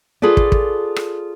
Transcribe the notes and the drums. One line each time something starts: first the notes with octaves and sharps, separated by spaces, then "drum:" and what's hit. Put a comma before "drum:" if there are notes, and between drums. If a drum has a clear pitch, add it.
F4 G#4 A4 B4 D5
drum: kick
drum: kick
drum: rim click